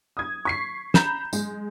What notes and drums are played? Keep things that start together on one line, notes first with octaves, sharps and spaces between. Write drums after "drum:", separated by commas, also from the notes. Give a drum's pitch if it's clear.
D#6 G#6
C#6 B6 C7
A#5 B5 G6 E7, drum: snare
G#3, drum: tambourine